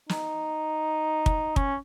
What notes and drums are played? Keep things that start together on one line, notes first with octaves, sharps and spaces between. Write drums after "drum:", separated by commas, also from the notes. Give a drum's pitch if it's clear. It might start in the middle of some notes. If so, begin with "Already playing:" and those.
D#4, drum: snare
drum: kick
C#4, drum: kick